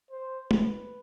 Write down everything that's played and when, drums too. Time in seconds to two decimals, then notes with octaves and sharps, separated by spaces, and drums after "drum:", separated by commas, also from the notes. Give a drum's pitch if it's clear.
0.11 C5
0.51 B4, drum: tom